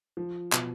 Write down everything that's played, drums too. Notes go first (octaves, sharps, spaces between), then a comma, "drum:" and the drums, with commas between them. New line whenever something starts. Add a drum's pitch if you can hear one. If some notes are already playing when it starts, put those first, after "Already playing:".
F3
B2, drum: clap